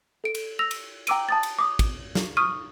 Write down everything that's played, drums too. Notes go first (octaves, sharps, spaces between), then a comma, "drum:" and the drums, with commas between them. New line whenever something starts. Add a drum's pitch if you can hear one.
A4 D7
drum: cymbal
E6 A#6 F7
drum: cymbal
G5 A#5 D6 E6 D7 D#7, drum: cymbal
A5 D#6 A6
drum: cymbal
D6 D#6
drum: kick, cymbal
drum: snare
C#6 D#6 F6 D#7